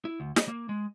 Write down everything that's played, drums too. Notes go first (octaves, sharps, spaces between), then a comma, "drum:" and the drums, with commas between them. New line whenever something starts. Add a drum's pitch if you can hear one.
E4
D2
D#5, drum: snare
A#3
G#3